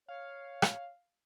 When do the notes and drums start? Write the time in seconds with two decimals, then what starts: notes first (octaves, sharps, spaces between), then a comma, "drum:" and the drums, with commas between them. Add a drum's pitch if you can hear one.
0.08 C#5 F5
0.62 drum: rim click